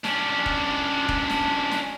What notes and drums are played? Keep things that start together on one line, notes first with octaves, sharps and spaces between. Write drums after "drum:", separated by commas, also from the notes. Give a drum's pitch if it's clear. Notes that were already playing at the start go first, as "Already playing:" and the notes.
C#4 D4, drum: snare
drum: kick D#1
drum: kick D#1
drum: snare
drum: snare